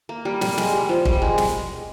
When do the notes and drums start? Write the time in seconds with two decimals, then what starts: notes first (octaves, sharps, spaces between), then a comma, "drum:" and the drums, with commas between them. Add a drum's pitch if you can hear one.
0.09 A#3
0.25 G3
0.41 G3, drum: snare
0.58 G#3, drum: snare
0.73 G3
0.89 F3
1.05 G3, drum: kick
1.22 G#3
1.38 drum: snare